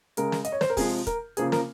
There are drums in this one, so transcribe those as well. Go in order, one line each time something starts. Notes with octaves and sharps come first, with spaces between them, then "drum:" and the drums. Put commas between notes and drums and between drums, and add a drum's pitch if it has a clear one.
C#3 G#3 A#4, drum: hi-hat
drum: snare
D#5, drum: hi-hat
C#5
C5, drum: snare
A#4
C3 F3 G#3 G#4, drum: kick, open hi-hat
A#4, drum: kick, hi-hat
C#3 F3 A#3 G#4, drum: hi-hat
A#4, drum: snare